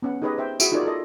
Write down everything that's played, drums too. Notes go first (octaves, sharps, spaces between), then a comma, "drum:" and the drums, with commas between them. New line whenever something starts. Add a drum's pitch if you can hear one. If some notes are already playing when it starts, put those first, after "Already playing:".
B3 C#4 F#5
D#4 G4 G#4 B4 C#5 D#5
C5 E5 G5
E4 F#4 G#4 E5, drum: tambourine
D#4 F4 G#4 A#4 C#5 D5
F4 A4 D#5